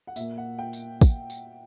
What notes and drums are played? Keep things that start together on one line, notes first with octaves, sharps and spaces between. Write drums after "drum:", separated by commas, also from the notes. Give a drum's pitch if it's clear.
F#5
A#2 A#3 E5, drum: tambourine
F#5
G5
drum: tambourine
drum: kick, tambourine
drum: tambourine